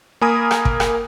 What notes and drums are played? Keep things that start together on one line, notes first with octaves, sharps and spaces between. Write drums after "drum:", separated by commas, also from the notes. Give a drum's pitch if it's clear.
A#3 A#4 G#5 B5 D#6
drum: rim click
drum: kick
drum: rim click